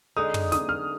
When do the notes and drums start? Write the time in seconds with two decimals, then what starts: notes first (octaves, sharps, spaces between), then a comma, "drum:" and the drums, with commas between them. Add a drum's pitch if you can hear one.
0.16 D3 G#3 D#4 D#6
0.34 drum: tom
0.52 D#6, drum: snare
0.69 F6